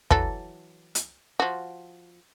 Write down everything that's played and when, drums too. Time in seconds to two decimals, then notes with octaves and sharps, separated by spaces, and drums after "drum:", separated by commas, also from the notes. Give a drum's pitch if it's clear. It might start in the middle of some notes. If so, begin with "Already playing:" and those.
0.11 E3 F#3 A4, drum: kick
0.95 drum: hi-hat
1.40 F3 F#4